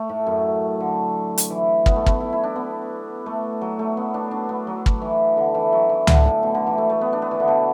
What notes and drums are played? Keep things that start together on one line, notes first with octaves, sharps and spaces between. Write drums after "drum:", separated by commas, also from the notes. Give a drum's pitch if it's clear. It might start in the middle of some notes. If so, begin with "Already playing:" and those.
Already playing: A3
A2
F#2
D3
drum: hi-hat
E3
B3, drum: kick
A3
B3, drum: kick
E4
E4
D4
B3
A3
F#3
A3
B3
D4
D4
B3
F#3
drum: kick
E3
D3
E3
F#3
E3
D3, drum: tom
A2
B2
D3
E3
A3
A3
B3
D4
B3
E3
D3
B2